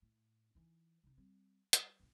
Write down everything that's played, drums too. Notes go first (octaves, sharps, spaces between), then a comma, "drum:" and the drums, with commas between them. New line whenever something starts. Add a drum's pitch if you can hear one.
A2
E3 D#4
C3 D#4
G3 C4
G3, drum: hi-hat
G1 B2